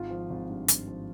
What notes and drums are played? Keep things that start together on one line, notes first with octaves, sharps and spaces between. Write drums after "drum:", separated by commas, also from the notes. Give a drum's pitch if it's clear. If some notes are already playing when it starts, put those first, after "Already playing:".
Already playing: G#1 F4
F3
G#1
G2
G#1, drum: hi-hat
F3